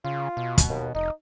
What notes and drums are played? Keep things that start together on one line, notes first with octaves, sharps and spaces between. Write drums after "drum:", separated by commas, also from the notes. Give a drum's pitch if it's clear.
C#3 F4
B2
drum: kick, hi-hat
D#2
F1 D#4